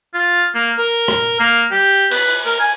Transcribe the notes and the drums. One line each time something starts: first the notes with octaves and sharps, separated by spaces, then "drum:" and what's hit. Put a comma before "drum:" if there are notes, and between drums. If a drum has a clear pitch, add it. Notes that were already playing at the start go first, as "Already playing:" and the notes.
F4
A#3
A#4
drum: rim click
A#3
G4
B4, drum: cymbal
A#4
G#5